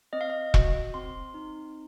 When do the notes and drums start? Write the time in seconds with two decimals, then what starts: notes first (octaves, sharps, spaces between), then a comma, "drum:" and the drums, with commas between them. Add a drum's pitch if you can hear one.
0.13 C4 D#5
0.21 F5
0.30 D#5
0.54 F#4, drum: kick E1
0.94 C4 C6
1.34 D#4